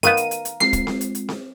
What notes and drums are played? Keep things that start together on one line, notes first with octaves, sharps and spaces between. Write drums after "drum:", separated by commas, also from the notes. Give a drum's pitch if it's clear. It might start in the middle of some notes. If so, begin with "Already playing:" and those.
D#3 B3 A#4 F5 D#7, drum: hi-hat
drum: hi-hat
drum: hi-hat
drum: hi-hat
G#3 C4 F4 C7, drum: snare C4
drum: kick, hi-hat
drum: snare C4
drum: hi-hat
drum: hi-hat
drum: snare C4